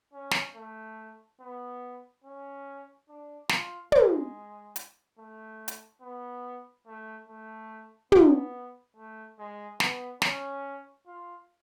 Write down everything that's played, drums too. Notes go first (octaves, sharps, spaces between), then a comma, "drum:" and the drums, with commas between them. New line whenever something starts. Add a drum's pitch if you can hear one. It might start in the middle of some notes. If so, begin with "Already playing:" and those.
C#4
drum: snare
A3
B3
C#4
D4
F4, drum: snare
G#3, drum: tom
drum: hi-hat
A3
drum: hi-hat
B3
A3
A3
B3, drum: tom
A3
G#3
B3, drum: snare
C#4, drum: snare
F4